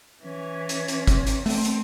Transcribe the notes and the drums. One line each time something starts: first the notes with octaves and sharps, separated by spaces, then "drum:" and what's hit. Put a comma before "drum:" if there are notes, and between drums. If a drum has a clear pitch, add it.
E3 C#4
drum: hi-hat
drum: hi-hat
drum: kick, hi-hat
drum: hi-hat
A3 C4, drum: open hi-hat
drum: hi-hat